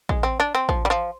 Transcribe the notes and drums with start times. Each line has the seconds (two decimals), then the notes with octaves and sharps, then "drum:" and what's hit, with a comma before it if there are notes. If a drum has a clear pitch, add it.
0.09 G#3, drum: kick
0.23 C4
0.40 D4
0.55 C4
0.69 F3, drum: kick
0.85 G3
0.90 F3